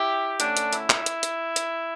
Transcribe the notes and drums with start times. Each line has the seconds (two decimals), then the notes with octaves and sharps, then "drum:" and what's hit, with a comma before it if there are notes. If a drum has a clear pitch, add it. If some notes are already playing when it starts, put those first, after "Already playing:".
Already playing: E4 G4
0.40 D3 A3 C#4 D4, drum: hi-hat
0.57 drum: hi-hat
0.73 E4, drum: hi-hat
0.90 drum: clap
1.06 drum: hi-hat
1.23 drum: hi-hat
1.56 drum: hi-hat